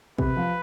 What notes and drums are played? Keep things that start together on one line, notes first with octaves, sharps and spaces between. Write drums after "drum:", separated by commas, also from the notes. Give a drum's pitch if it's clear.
C3 B4, drum: kick
F3